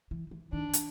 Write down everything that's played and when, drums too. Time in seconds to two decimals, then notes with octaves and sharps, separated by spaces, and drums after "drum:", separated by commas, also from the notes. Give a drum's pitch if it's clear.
0.11 E3
0.31 E3
0.52 D#3 D4
0.73 drum: hi-hat